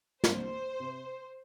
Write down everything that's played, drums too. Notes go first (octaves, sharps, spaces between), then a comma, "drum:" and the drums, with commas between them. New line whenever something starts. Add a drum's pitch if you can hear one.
C2 C3 G3 D4 F4 C5, drum: snare
C3